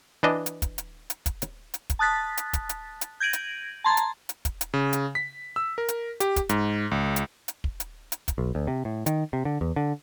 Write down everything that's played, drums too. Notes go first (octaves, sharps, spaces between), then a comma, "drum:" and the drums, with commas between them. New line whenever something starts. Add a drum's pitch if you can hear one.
E3 D4 D#5
drum: hi-hat
drum: kick, hi-hat
drum: hi-hat
drum: hi-hat
drum: kick, hi-hat
drum: hi-hat
drum: hi-hat
drum: kick, hi-hat
A5 D#6 F#6 A6 B6
drum: hi-hat
drum: kick, hi-hat
drum: hi-hat
drum: hi-hat
G6 G#6 A#6 D7 D#7 F#7
drum: hi-hat
A5 A#5 C6 G#6 A6
drum: hi-hat
drum: hi-hat
drum: kick, hi-hat
drum: hi-hat
C#3
drum: hi-hat
B6
E6
A#4
drum: hi-hat
G4, drum: hi-hat
drum: kick, hi-hat
G#2, drum: hi-hat
C#2
drum: hi-hat
drum: hi-hat
drum: kick
drum: hi-hat
drum: hi-hat
drum: kick, hi-hat
B1
D2
C3
A2
D#3, drum: hi-hat
C3
D3
E2
D3